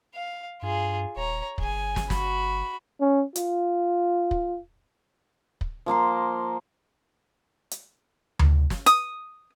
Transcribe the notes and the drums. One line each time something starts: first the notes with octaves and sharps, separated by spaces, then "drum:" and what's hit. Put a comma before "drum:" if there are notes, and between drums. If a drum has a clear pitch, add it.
F5
G2 F4 G#4
D#1 C#5 A#5
G1 G#4 G#5, drum: kick
drum: snare
F#4 B5, drum: snare
C#4
F4, drum: hi-hat
drum: kick
drum: kick
F3 A#3 A#5 C6
drum: hi-hat
drum: tom D2
drum: snare
D#6, drum: hi-hat